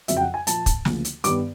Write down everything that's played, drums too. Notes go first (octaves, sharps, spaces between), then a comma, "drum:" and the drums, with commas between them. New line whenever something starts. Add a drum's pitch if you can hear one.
F2 C#3 F#3 E5, drum: hi-hat
G5
F#5
G#5
A#2 F3 A#3 A5, drum: hi-hat
drum: kick, hi-hat
D2 C#3 F3 A#3, drum: snare
drum: hi-hat
G2 D#3 G3 B3 D6, drum: hi-hat